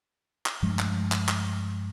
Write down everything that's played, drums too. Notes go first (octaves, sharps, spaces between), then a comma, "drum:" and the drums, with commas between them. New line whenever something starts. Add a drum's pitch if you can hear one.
drum: clap
G2 F3 G#3 A3
drum: clap
drum: clap
drum: clap